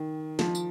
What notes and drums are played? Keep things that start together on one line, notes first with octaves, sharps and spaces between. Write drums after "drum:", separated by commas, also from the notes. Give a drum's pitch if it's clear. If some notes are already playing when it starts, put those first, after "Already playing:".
Already playing: D#3
F3, drum: snare
drum: tambourine